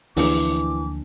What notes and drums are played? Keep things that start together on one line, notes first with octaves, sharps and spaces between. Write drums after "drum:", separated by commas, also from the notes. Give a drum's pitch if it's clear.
D2 E3 F3 A#3 D4 D6, drum: open hi-hat